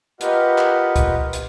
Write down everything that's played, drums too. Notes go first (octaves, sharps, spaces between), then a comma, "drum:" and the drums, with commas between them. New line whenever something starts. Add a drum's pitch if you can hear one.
F4 G4 A#4 B4 D#5 F#5, drum: hi-hat
drum: clap
drum: kick, hi-hat
drum: hi-hat